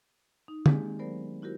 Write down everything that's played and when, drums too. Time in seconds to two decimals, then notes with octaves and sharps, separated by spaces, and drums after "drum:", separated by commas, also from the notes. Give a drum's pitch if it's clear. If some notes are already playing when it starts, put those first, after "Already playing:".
0.48 D#4
0.66 D#3 G#3 A#3 C4 G4 G#4, drum: tom
0.99 F#3 B3 A#4 C5 D5
1.42 E4 F#4 G4 A#4 C5